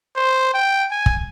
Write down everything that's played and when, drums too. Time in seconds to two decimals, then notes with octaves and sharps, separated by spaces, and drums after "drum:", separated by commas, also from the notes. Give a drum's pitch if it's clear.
0.16 C5
0.54 G5
0.91 G#5
1.06 drum: kick